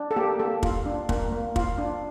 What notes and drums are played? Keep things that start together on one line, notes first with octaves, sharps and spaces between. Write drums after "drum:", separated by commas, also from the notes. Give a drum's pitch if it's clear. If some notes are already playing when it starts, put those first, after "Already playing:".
Already playing: D4
A4
A#3 G4
A#3 A4
F4, drum: kick
D4
A#3, drum: kick
A#3
F4, drum: kick
D4